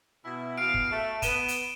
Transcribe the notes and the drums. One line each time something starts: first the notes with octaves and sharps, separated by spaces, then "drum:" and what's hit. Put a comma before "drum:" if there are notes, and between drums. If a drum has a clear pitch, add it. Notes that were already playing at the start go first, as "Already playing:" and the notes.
B2 E4
B2 E3 F5 D7
drum: kick
A3
B3 D#7 E7 G7, drum: kick, hi-hat
drum: hi-hat